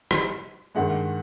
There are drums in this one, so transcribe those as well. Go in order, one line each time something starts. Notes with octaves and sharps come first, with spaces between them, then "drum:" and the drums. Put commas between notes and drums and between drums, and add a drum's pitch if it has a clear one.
drum: rim click
G2 D#3 G#3 F#5